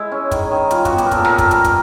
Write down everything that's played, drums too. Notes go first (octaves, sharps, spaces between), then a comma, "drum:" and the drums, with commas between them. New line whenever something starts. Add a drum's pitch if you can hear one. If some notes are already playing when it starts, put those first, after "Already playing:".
Already playing: G#3 E4
C#4
D#3, drum: kick, hi-hat
D#3
G3 F4, drum: hi-hat
F#4, drum: kick, hi-hat
B3
G4, drum: hi-hat
A#4
A#2 A4, drum: kick, hi-hat
A#4, drum: snare
A#2
A4, drum: kick, hi-hat
G3 A#4, drum: hi-hat
drum: kick, hi-hat